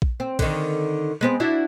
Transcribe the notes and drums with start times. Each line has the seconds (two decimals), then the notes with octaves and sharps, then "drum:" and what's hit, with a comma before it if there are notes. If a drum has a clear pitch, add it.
0.02 drum: kick A#1
0.20 C4
0.39 D3 D#3, drum: kick A#1, cymbal
1.21 G#3 B3 C4
1.40 D4 E4 F#4